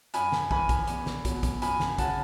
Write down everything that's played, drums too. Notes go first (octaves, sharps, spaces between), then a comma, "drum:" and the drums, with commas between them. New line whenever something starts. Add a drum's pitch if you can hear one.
F#2 G#5 B5, drum: hi-hat
drum: snare
E3 G#5 B5, drum: kick
drum: kick, hi-hat
E2, drum: hi-hat
drum: snare
B2 F#3, drum: kick, hi-hat
drum: kick, hi-hat
F#2 G#5 B5, drum: hi-hat
drum: snare
C#3 F#3 F#5 A5, drum: kick, hi-hat